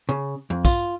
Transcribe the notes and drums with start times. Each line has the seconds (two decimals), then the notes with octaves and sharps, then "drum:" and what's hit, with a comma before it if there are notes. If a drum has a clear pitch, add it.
0.09 C#3
0.50 F2
0.65 F4, drum: kick, tambourine